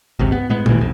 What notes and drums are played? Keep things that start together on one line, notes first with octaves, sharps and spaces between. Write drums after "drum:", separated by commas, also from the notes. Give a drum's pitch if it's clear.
G#1 C#2 C3
B3
A2 G#3 B3
G#1 D#2 A2 E3, drum: tom A#2
B1 F2